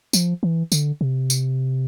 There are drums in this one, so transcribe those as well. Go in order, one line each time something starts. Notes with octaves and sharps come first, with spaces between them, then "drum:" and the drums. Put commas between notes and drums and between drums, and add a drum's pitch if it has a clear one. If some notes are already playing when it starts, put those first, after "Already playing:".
F3, drum: tambourine
E3
D3, drum: tambourine
C3
drum: tambourine